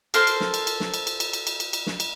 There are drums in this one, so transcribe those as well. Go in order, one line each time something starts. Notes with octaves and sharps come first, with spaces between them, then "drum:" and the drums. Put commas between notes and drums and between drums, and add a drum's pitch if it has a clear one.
A4 A#4 C5 C6, drum: cymbal
drum: cymbal
drum: snare
drum: cymbal
drum: cymbal
drum: snare
drum: cymbal
drum: cymbal
drum: cymbal
drum: cymbal
drum: cymbal
drum: cymbal
drum: cymbal
drum: snare
drum: cymbal